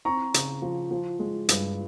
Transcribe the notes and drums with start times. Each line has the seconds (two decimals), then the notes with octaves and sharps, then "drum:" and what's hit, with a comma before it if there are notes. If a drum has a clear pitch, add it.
0.05 C4 A#5 C#6
0.34 C#3, drum: hi-hat
0.62 F3
0.91 F3
1.19 G#3
1.49 G2, drum: hi-hat